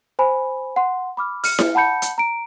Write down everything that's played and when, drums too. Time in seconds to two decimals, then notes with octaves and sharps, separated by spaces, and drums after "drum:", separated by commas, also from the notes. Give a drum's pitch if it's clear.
0.19 C5 G#5 B5
0.76 F#5 C6
1.17 B5 D6 F6
1.44 F6 C#7, drum: open hi-hat
1.59 drum: snare E4
1.75 F#5 A5 B5 G6 C#7
2.02 drum: hi-hat
2.18 A#5 D7